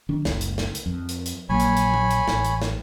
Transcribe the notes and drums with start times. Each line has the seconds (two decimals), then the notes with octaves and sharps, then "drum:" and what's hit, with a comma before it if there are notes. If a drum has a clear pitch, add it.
0.09 D#3 D4
0.25 F#1 C#2, drum: snare
0.41 drum: hi-hat
0.58 drum: snare
0.75 drum: hi-hat
0.86 F2
1.09 drum: hi-hat
1.26 drum: hi-hat
1.49 A#1 A#2 F#3 C#5 G#5 B5
1.60 drum: hi-hat
1.77 drum: hi-hat
1.94 drum: tom F3
2.11 drum: hi-hat
2.28 A1, drum: snare
2.45 drum: hi-hat
2.62 drum: snare